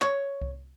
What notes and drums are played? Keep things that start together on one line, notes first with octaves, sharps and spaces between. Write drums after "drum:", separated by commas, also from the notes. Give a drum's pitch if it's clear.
C#5, drum: clap
drum: kick C2